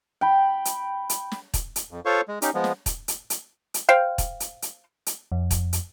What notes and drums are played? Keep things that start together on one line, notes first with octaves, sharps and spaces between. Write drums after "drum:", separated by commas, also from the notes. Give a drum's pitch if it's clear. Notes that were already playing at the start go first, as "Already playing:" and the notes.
G5 B5
drum: hi-hat
drum: hi-hat
drum: snare
drum: kick, hi-hat
drum: hi-hat
F2
F4 A4 C5 C#5 F5 C#6
G#3
C#4 D#4 G4, drum: hi-hat
F3 G#3 B3
drum: snare
drum: kick, hi-hat
drum: hi-hat
drum: hi-hat
drum: hi-hat
C5 F5 G5
drum: kick, hi-hat
drum: hi-hat
drum: hi-hat
drum: hi-hat
F2
drum: kick, hi-hat
drum: hi-hat